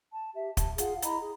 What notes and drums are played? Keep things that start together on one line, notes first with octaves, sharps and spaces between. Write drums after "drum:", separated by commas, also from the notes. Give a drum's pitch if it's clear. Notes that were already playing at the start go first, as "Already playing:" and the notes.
A5
G4 E5
A5, drum: kick, hi-hat
F4 G#4 F5 F#5, drum: hi-hat
E4 D#5 A#5 B5, drum: hi-hat
G#4